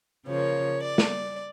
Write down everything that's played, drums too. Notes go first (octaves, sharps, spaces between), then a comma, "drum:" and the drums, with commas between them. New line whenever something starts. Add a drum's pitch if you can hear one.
C#3 F3 A#3 C#5
D5
drum: snare